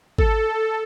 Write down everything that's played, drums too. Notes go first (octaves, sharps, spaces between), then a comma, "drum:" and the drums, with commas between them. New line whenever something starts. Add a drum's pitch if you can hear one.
A4, drum: kick G#1